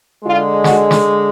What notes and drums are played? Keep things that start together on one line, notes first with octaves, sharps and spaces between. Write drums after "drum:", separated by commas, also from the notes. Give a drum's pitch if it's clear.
D3 G#3 F4
F#4, drum: snare
drum: snare